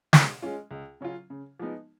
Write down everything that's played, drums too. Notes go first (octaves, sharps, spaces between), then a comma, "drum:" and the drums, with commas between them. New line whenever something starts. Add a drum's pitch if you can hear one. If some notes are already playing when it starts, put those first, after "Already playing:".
B2, drum: snare
G#3 C#4 F4
C#2
C#3 F#3 C#4 F4
C#3
F3 G#3 B3 D#4